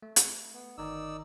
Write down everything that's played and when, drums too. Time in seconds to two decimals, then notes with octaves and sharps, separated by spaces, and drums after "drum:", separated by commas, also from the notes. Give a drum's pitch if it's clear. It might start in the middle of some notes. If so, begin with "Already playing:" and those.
0.02 A3
0.16 drum: hi-hat
0.53 B3
0.78 G1 D#3 D#4 D5 E6